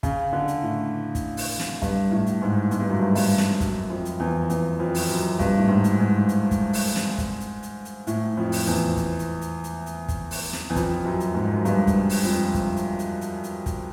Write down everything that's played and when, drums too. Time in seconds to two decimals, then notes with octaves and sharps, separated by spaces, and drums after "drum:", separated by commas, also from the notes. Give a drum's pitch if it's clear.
0.03 C#3, drum: kick, hi-hat
0.33 D3
0.48 drum: hi-hat
0.62 A2
1.15 drum: kick, hi-hat
1.37 drum: open hi-hat
1.59 drum: snare
1.82 G2, drum: kick, hi-hat
2.11 A2
2.26 drum: hi-hat
2.42 G#2
2.71 G#2, drum: hi-hat
2.80 G2
2.89 F#2
2.99 G2
3.15 G2, drum: open hi-hat
3.38 drum: snare
3.60 F#2, drum: kick, hi-hat
3.90 F2
4.05 drum: hi-hat
4.20 E2
4.50 E2, drum: hi-hat
4.80 F2
4.95 drum: open hi-hat
5.09 F#2
5.39 G2, drum: kick, hi-hat
5.58 A2
5.68 G#2
5.84 drum: hi-hat
5.99 G#2
6.29 drum: hi-hat
6.51 drum: kick, hi-hat
6.73 drum: open hi-hat
6.96 drum: snare
7.18 drum: kick, hi-hat
7.40 drum: hi-hat
7.63 drum: hi-hat
7.85 drum: hi-hat
8.07 A2, drum: hi-hat
8.37 F2
8.52 drum: open hi-hat
8.67 E2
8.97 drum: kick, hi-hat
9.19 drum: hi-hat
9.41 drum: hi-hat
9.64 drum: hi-hat
9.86 drum: hi-hat
10.08 drum: kick, hi-hat
10.31 drum: open hi-hat
10.53 drum: snare
10.70 E2
10.76 F2, drum: kick, hi-hat
11.05 F#2
11.20 drum: hi-hat
11.35 G#2
11.54 F#2
11.65 G2, drum: hi-hat
11.87 drum: kick, hi-hat
12.10 drum: open hi-hat
12.25 F2
12.54 drum: kick, hi-hat
12.77 drum: hi-hat
12.99 drum: hi-hat
13.21 drum: hi-hat
13.44 drum: hi-hat
13.66 drum: kick, hi-hat